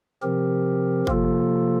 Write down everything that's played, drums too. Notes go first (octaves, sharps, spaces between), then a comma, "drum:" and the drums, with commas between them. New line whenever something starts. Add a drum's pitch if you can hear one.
C3 F3 C4 G4 A#4
C3 F3 A#3 F4 A4, drum: kick G1